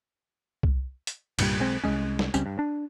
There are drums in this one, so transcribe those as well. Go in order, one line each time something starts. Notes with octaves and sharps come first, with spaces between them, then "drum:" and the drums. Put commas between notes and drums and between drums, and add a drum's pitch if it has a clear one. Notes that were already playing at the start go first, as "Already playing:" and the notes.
drum: kick C2
drum: hi-hat
C2 G2 A#2 G3, drum: cymbal
B1 G#3 C4
C2 G2 G#3 C#4
drum: snare
C#2 G3 C4 C#4, drum: tambourine
G2
D4